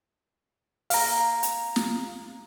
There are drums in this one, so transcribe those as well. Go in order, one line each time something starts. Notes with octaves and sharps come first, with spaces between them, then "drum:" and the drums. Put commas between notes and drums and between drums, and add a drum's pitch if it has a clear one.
F5 A#5, drum: open hi-hat
drum: hi-hat
drum: snare